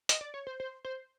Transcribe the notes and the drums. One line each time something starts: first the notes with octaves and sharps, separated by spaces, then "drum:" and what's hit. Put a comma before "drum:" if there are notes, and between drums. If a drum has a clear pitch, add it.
D#5, drum: hi-hat
D5
C#5
C5
C5
C5